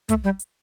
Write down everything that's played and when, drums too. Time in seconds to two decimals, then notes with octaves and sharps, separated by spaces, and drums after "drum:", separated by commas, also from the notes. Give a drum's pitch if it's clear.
0.09 A3, drum: kick, hi-hat
0.24 G3
0.40 drum: hi-hat